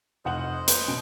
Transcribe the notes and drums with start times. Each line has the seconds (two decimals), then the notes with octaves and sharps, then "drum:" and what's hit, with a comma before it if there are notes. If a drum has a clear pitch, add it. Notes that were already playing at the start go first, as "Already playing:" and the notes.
0.25 F1 C5 D#5 F#5 F#7
0.68 B4, drum: hi-hat
0.88 B2 D7